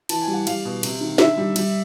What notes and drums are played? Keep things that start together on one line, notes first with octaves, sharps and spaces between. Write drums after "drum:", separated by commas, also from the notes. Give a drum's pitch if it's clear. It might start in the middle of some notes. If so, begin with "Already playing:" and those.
E3 A5, drum: cymbal
G#5
G3
F#5
G3 F5, drum: cymbal
B2
C3, drum: cymbal
D#3
D3 E5, drum: snare
G3
G3, drum: cymbal